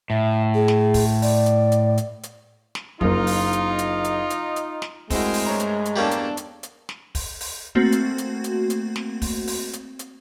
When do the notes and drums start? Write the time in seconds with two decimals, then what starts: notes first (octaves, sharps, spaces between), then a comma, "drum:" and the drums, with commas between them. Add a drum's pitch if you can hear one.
0.10 A2 E5
0.54 G#4
0.68 drum: snare
0.94 drum: kick, open hi-hat
1.22 D5, drum: open hi-hat
1.46 drum: hi-hat
1.72 drum: hi-hat
1.98 drum: hi-hat
2.23 drum: hi-hat
2.75 drum: snare
3.01 F#1 A#3 D#4 F4, drum: kick
3.27 drum: open hi-hat
3.53 drum: hi-hat
3.79 drum: hi-hat
4.04 drum: hi-hat
4.30 drum: hi-hat
4.56 drum: hi-hat
4.82 drum: snare
5.10 G#3 A3 C4 E4 F#4 A#4 C5, drum: kick, open hi-hat
5.34 drum: open hi-hat
5.46 G2 C#5 A#5
5.60 drum: hi-hat
5.85 drum: hi-hat
5.96 E2 G3 A#3 C#4 D4 A4
6.11 drum: hi-hat
6.37 drum: hi-hat
6.63 drum: hi-hat
6.89 drum: snare
7.15 drum: kick, open hi-hat
7.41 drum: open hi-hat
7.75 A3 A#3 C4 F#4
7.92 drum: hi-hat
8.18 drum: hi-hat
8.44 drum: hi-hat
8.70 drum: hi-hat
8.96 drum: snare
9.22 drum: kick, open hi-hat
9.47 drum: open hi-hat
9.73 drum: hi-hat
9.99 drum: hi-hat